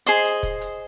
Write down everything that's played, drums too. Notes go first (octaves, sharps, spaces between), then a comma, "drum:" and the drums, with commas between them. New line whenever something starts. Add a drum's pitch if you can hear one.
G#4 C5 D#5, drum: hi-hat
drum: hi-hat
drum: kick, hi-hat
drum: hi-hat